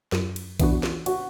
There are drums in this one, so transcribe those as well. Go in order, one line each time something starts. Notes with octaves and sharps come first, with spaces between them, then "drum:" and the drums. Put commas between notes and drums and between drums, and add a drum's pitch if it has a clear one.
F#2, drum: snare
drum: cymbal
E3 B3 D4 F#4, drum: kick A#1, cymbal
drum: snare
F#4, drum: cymbal